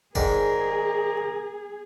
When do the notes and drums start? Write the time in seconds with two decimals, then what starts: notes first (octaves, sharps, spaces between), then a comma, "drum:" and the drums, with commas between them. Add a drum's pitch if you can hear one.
0.15 G#2 D#3 G#4 A#4 D5, drum: kick F#1